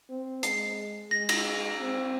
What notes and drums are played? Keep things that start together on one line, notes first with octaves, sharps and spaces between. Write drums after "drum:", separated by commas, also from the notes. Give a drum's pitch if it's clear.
C4
G#3 C7, drum: hi-hat
G#3 A#6
A#6, drum: cymbal
C4